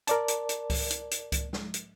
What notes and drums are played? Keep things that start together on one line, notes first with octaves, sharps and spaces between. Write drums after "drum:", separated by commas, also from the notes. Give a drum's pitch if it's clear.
A#4 D5 A5, drum: hi-hat
drum: hi-hat
drum: hi-hat
drum: kick C#2, open hi-hat
drum: hi-hat
drum: hi-hat
drum: kick C#2, hi-hat
drum: snare
drum: hi-hat